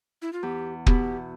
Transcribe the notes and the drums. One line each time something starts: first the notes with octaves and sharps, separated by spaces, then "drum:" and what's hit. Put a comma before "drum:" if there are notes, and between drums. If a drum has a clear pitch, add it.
E4
F4
E2 G4
B2 B3 E4 G4, drum: kick